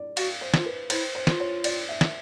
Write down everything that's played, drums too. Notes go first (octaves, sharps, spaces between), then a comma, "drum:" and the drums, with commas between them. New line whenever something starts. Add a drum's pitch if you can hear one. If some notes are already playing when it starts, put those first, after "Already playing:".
Already playing: D5
F#4 F5, drum: cymbal
C5
F4, drum: snare
B4
E4 C5, drum: cymbal
C5
F4, drum: snare
C#5
D5, drum: cymbal
E5
drum: snare